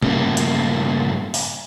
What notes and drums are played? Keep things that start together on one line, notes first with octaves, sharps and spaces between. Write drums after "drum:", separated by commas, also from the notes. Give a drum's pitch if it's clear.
G2 A#2 C#3 A3 A#3, drum: tom
drum: hi-hat
drum: open hi-hat